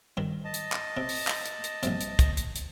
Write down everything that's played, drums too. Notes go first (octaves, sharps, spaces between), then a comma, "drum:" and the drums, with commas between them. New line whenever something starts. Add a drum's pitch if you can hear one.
G2 D#3
D#5 A5
drum: hi-hat
drum: clap
C3
drum: open hi-hat
drum: clap
drum: hi-hat
drum: hi-hat
A#1 G2 C3, drum: hi-hat
drum: hi-hat
drum: kick, hi-hat
drum: hi-hat
drum: hi-hat